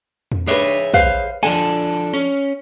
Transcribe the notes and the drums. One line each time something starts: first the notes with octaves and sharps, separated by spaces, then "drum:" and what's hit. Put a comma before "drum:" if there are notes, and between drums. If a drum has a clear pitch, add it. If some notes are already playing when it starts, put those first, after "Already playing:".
drum: tom E2
D4 G#4 B4 C#5 E5
B4 C5 F5, drum: kick
F3 D4 A4 G#5, drum: open hi-hat
C#4